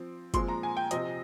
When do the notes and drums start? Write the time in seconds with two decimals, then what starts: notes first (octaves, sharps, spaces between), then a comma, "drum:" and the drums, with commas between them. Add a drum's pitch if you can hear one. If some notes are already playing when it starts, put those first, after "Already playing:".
Already playing: F3 C4
0.34 A#2 F3 G#3 C4 C6, drum: kick, hi-hat
0.48 A#5
0.63 G#5
0.77 G5
0.91 C3 F3 C4 D#5, drum: hi-hat